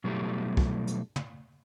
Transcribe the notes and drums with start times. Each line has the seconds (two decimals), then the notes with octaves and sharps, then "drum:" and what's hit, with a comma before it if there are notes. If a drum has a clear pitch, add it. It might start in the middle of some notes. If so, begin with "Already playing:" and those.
0.04 B2 F#3 G3 A3 E4 G4
0.57 drum: kick
0.87 drum: hi-hat
1.16 drum: tom